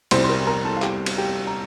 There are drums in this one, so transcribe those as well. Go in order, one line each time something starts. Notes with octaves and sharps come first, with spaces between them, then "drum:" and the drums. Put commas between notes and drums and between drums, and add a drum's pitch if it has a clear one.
C2 C3 G3 C5 C6, drum: cymbal
C6
A#4 A#5
A#4 A#5
A4 A5
F5
G4 G5, drum: clap
drum: cymbal
G4 G5
A#5